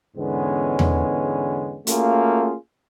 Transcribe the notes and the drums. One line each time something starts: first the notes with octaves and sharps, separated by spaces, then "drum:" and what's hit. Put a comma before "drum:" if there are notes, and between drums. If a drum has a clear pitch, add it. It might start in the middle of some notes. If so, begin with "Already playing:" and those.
E2 G#2 D3 G#3 B3 C#4
drum: tom E2
A3 A#3 C#4 F4 F#4 G#4, drum: hi-hat